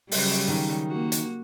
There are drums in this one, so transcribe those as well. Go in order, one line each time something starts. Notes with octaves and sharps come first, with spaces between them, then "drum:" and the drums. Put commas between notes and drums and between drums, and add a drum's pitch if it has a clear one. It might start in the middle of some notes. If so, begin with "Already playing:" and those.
C#3 F#3 G3, drum: open hi-hat
D#3
A#3 F#4
drum: hi-hat